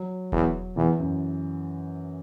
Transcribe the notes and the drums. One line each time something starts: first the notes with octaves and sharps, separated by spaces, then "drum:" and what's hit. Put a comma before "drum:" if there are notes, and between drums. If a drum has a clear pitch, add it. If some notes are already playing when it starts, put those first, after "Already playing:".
Already playing: F#3
E2, drum: kick E1
E2 E3
F#2